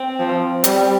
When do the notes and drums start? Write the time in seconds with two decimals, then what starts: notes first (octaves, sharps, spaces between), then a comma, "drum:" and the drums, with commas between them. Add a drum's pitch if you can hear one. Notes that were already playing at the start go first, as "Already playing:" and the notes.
Already playing: C4
0.19 F3
0.64 G3, drum: hi-hat